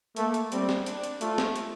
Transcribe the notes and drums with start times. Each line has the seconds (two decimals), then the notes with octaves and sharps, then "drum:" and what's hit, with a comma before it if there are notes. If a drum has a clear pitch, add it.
0.16 A3 A#3, drum: hi-hat
0.34 drum: hi-hat
0.52 G3 C4, drum: hi-hat
0.69 drum: snare
0.86 D4, drum: hi-hat
1.03 drum: hi-hat
1.21 A3 F4, drum: hi-hat
1.38 drum: snare
1.56 drum: hi-hat